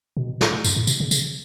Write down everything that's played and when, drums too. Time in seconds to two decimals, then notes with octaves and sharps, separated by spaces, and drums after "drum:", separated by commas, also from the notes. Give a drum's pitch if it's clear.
0.17 B2
0.41 drum: snare
0.65 F#2, drum: tambourine
0.76 A2
0.87 B2, drum: tambourine
1.00 C#3
1.11 C#3, drum: tambourine